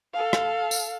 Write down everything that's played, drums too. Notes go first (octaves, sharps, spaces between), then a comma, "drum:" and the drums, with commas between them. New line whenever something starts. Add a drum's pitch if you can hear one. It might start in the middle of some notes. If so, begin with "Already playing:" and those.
A4 F5
drum: rim click
drum: tambourine